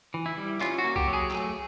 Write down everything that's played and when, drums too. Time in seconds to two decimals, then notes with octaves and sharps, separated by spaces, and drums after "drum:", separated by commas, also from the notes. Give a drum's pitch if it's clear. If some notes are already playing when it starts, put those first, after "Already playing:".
0.14 E3
0.26 E4
0.37 G3
0.61 C#4 F4, drum: clap
0.78 F#4
0.84 A#3
0.96 G4, drum: kick
1.08 F#3
1.13 G#4
1.31 A3, drum: clap